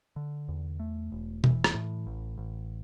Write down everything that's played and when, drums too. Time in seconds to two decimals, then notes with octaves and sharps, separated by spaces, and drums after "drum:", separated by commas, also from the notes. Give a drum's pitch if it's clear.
0.16 D3
0.49 E2
0.80 A3
1.12 E1
1.44 E3, drum: tom B2
1.64 drum: rim click
1.74 A2
2.07 A1
2.38 A1